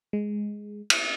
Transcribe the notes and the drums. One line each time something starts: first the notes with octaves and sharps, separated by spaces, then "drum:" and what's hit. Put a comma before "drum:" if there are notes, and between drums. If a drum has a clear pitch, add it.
G#3
drum: cymbal